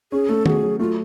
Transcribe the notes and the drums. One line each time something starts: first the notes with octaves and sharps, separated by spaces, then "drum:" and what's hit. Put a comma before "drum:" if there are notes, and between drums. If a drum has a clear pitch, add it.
C#4 G#4
A3 A4
F#4 G#4 A4, drum: tom D#3
F#3
A3 F4